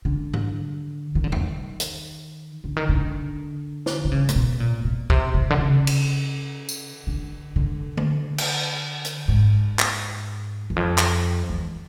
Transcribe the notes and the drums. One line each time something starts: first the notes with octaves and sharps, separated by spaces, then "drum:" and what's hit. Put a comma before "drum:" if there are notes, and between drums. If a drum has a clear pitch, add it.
D3
drum: tom G#2
D#3
D3
D#3, drum: tom E2
drum: hi-hat
D3
D#3
D3
drum: snare
D3
C#3
A#2, drum: hi-hat
B2
A#2
B2
C3, drum: kick
C3
D3
C#3
drum: cymbal
drum: tambourine
D3
D3
drum: tom D3
drum: cymbal
drum: hi-hat
G#2
drum: clap
E2
F2
drum: clap
E2